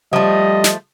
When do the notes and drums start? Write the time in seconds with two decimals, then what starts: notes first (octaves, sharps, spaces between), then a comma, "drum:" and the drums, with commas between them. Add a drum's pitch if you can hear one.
0.13 F3 G3 A3 D#5
0.64 drum: snare